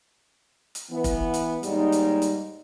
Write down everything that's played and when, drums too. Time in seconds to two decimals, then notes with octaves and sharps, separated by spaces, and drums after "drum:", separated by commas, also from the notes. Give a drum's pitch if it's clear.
0.75 drum: hi-hat
0.90 E3 B3
1.04 drum: kick F1, hi-hat
1.34 drum: hi-hat
1.63 D#2 G#2 G3 D#4, drum: hi-hat
1.92 drum: hi-hat
2.22 drum: hi-hat